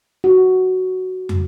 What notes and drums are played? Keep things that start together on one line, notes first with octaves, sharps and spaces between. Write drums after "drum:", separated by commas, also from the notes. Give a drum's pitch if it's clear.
F#4
drum: tom